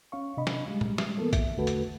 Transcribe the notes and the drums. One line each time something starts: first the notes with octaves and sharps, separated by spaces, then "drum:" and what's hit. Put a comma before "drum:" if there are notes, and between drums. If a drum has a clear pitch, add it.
C#4 F5 C#6
C3 D4 D#5 B5
drum: snare
G3 G#3
drum: tom A#2
drum: snare
E3 A#3 B3 A4 A#4
E5, drum: kick A1, hi-hat
E2 D3 A3 F#4 A4 B4
drum: hi-hat